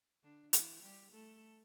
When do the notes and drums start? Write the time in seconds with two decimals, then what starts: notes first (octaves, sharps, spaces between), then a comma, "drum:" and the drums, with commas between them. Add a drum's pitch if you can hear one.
0.23 D3 D4
0.53 E3 E4, drum: hi-hat
0.82 G3 G4
1.12 A3 A4